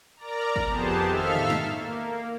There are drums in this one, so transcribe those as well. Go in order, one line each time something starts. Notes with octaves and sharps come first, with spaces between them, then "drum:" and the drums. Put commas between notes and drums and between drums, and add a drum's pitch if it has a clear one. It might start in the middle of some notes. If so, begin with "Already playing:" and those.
A#4 D5 A#5
drum: kick F#1
F2 B3 G4 G#4 C5 A5
D#3 A4 E5 F5 F6
drum: tom
drum: snare
A#3